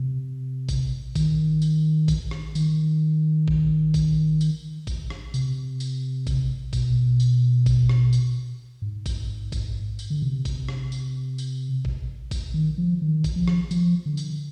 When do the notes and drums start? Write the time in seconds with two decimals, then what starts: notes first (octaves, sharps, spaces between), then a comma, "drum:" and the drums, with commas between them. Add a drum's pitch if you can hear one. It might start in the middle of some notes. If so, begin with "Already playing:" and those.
Already playing: C3
0.69 drum: kick A1, tambourine
1.15 D#3, drum: kick A1, tambourine
1.62 drum: tambourine
2.08 drum: kick A1, tambourine
2.31 drum: rim click
2.55 D#3, drum: tambourine
3.48 drum: kick A1
3.94 drum: kick A1, tambourine
4.41 drum: tambourine
4.87 drum: kick A1, tambourine
5.10 drum: rim click
5.34 C3, drum: tambourine
5.80 drum: tambourine
6.27 drum: kick A1, tambourine
6.73 B2, drum: kick A1, tambourine
7.20 drum: tambourine
7.66 drum: kick A1, tambourine
7.89 drum: rim click
8.13 drum: tambourine
8.82 G#2
9.06 drum: kick A1, tambourine
9.52 drum: kick A1, tambourine
9.99 drum: tambourine
10.10 D3
10.22 C3
10.45 drum: kick A1, tambourine
10.69 drum: rim click
10.92 drum: tambourine
11.38 drum: tambourine
11.85 drum: kick A1
12.31 drum: kick A1, tambourine
12.54 D#3
12.78 F3
13.02 D#3
13.24 drum: kick A1, tambourine
13.36 F3
13.48 drum: rim click
13.71 F3, drum: tambourine
14.06 D3
14.17 drum: tambourine